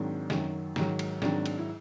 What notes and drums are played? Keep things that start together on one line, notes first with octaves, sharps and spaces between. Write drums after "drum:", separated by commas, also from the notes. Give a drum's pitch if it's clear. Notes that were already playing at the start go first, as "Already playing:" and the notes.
Already playing: G#2 D#3 F#3 C4 D4
F#2 D#3 F#3, drum: snare
G#2 D#3 F#3, drum: snare
drum: cymbal
G#2 D#3 F#3 C4 D4, drum: snare
drum: cymbal
E4